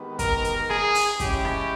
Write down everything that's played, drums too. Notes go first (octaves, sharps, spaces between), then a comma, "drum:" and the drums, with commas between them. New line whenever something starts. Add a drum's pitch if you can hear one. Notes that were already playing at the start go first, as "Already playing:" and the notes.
Already playing: D#3 G#3 B3 G4 B4
A#4, drum: kick, hi-hat
drum: hi-hat
G#4, drum: rim click
drum: open hi-hat
E3 G#3 C#4 G4, drum: kick, hi-hat
drum: rim click